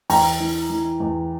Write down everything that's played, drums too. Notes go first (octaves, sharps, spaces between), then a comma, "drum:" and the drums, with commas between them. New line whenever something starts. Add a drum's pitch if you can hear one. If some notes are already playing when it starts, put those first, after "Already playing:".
E2 G5 A#5, drum: open hi-hat
E3
E3
E2